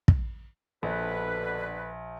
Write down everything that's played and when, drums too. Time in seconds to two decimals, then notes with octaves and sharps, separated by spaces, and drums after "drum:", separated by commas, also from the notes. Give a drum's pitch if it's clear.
0.08 drum: kick
0.83 A#1 B2 D3 B4